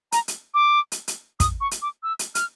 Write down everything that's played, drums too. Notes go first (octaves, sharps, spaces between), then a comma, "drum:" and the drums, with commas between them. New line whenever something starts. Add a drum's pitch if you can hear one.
A#5, drum: hi-hat
drum: hi-hat
D6
drum: hi-hat
drum: hi-hat
D#6, drum: kick, hi-hat
C#6
drum: hi-hat
D6
E6
drum: hi-hat
F6, drum: hi-hat